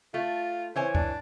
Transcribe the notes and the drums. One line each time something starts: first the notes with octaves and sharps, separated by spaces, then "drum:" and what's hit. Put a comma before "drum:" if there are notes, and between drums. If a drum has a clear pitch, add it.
A3 F4
E3 C5 C#5 G#5
D4, drum: kick